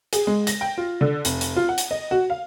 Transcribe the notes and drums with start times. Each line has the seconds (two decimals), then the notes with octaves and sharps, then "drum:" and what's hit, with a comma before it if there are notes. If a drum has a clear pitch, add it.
0.13 G#4, drum: hi-hat
0.27 G#3
0.47 A#6, drum: hi-hat
0.61 G5
0.78 F4
1.01 D3
1.25 F1, drum: hi-hat
1.41 drum: hi-hat
1.56 F4
1.69 F#5
1.78 drum: hi-hat
1.91 D#5
2.11 F#4
2.30 F5